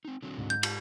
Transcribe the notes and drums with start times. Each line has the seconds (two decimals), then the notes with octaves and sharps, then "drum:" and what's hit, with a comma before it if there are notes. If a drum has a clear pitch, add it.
0.05 C4 D#4
0.22 D3 F#3 C4
0.38 G#2
0.50 G6
0.63 F4 G4, drum: cymbal